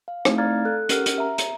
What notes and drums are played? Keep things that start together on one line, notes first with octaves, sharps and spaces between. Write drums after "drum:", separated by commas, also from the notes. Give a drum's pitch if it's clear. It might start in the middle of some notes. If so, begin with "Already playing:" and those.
F5
A3 C4 D#4 E4, drum: rim click
D5 F5 A#5 F6 G#6 A6
A4 F#6
C#4 G4 A#4 F#5 F6, drum: hi-hat
drum: hi-hat
E5 A#5
drum: hi-hat